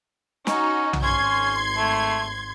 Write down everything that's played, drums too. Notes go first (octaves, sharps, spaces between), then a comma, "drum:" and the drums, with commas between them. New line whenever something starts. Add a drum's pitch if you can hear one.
C#4 D#4 F#4, drum: snare
drum: tom B1
G#1 C#4 C6 G#6
A3